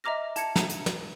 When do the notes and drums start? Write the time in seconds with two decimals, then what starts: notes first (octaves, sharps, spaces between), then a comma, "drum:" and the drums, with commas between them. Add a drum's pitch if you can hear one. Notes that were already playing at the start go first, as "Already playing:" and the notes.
0.04 D#5 E5 A#5 D6 F6 A#6
0.36 A5 G#6 C#7, drum: hi-hat
0.56 A#5, drum: snare
0.69 drum: hi-hat
0.86 drum: snare